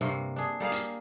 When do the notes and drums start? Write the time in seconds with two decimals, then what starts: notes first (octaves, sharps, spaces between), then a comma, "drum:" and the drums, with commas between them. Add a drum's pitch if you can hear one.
0.01 G2 C3 A#3
0.36 D4 G#4
0.60 G3 A#3 G#4 F5
0.72 drum: hi-hat